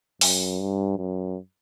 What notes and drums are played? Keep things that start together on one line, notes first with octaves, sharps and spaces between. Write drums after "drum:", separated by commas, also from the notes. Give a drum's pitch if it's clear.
F#2, drum: open hi-hat
G2
F#2